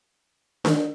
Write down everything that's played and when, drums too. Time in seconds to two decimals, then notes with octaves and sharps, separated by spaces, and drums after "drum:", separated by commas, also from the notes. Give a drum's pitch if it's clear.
0.65 D#3, drum: snare D4